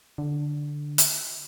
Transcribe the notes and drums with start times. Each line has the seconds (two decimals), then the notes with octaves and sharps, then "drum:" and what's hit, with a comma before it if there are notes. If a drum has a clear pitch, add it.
0.18 D3
0.98 drum: hi-hat